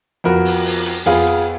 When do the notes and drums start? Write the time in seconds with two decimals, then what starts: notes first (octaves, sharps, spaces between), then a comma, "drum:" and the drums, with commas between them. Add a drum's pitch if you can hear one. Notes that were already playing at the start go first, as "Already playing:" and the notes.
0.24 F2 F3 B3 F#4 A#4
0.45 drum: open hi-hat
0.65 drum: open hi-hat
0.86 drum: hi-hat
1.06 F2 F3 B3 F4 G#4, drum: hi-hat
1.27 drum: hi-hat